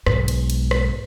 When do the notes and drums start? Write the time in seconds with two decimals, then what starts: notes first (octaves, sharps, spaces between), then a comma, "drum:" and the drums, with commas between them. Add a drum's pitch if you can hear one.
0.07 B1 G#2, drum: rim click
0.28 drum: cymbal
0.50 drum: cymbal
0.71 drum: rim click